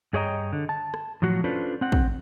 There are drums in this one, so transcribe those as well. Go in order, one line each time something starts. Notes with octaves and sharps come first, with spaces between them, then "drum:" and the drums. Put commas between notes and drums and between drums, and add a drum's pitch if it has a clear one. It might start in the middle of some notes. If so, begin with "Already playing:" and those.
G2 G#4 C#5 D#5 G5 A#5
D3
A5
drum: rim click
A2 F3 F#3 F#4
C#4 D4 F4 A4 B4 C5
C4 F#5
drum: kick